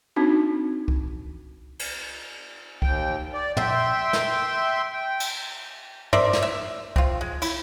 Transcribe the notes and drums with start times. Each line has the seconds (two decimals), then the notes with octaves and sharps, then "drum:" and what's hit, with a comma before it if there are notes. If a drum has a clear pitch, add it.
0.16 C4 D4 D#4 F#4
0.88 drum: kick C2
1.79 drum: cymbal
2.82 D#2 G5, drum: kick C2
3.34 D5
3.57 E5 G5 C6, drum: tom
4.13 drum: snare
4.93 G5
5.20 drum: cymbal
6.13 A#4 C5 D5 E5, drum: tom
6.33 drum: snare
6.43 E5
6.96 C4 F4, drum: kick C2
7.21 G#3
7.42 E4, drum: cymbal